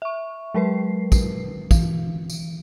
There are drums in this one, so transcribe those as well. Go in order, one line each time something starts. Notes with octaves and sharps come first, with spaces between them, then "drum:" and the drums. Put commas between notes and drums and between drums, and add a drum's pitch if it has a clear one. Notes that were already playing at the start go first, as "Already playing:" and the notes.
E5 C#6
F#3 G#3 A#4 B4 C7
drum: kick, tambourine
E3, drum: kick, tambourine
drum: tambourine